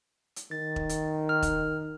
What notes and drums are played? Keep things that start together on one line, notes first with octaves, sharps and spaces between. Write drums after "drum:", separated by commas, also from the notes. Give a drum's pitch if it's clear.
drum: hi-hat
D#3 A6
drum: kick E1
drum: hi-hat
F6
drum: kick E1, hi-hat